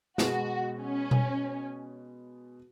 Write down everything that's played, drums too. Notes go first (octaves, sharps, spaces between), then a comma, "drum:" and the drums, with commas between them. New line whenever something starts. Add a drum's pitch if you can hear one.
B2 G#3 B3 F#4, drum: snare
C#4
drum: tom B2